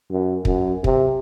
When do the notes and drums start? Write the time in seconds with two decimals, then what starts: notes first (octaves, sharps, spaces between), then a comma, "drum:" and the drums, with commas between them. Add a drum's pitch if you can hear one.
0.11 F#2
0.45 F#2, drum: kick
0.84 C3, drum: kick